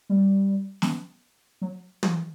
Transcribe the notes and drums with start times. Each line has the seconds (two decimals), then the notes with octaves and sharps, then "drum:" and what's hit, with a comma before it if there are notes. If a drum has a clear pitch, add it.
0.09 G3
0.82 drum: snare
1.61 F#3
2.03 drum: tom